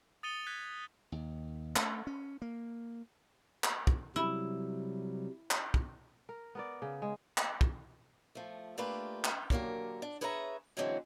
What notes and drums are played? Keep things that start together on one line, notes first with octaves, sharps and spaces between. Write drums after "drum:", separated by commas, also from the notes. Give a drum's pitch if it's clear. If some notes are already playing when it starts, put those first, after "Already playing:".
D#6 A6 C#7 D#7 F7 G7
F#6 G#6 B6
D#2
A3, drum: clap
C#4
A#3
drum: clap
drum: kick
C3 F#3 G3 E4
drum: clap
drum: kick
A#4
B3 A#4 D5
C#3
G#3
drum: clap
drum: kick
F3 A3
A3 A#3 D4 F4 G4 B4
drum: clap
D3 F#3 A#3 G4 A#4, drum: kick
D4
G#4 B4 C#5 E5 G#5 A#5
D3 E3 F#3 G#3 C4 C#4